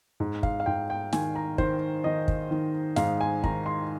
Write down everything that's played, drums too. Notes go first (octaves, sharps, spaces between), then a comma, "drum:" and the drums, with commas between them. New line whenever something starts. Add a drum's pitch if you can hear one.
G#2
F5, drum: kick
F5
G#2 G5
G5
D#3 G#5, drum: snare
A#5
D#3 C5, drum: kick
D#3 D#5
drum: kick
D#3
G#2 F5, drum: snare
G#5
D#3 A#5, drum: kick
C6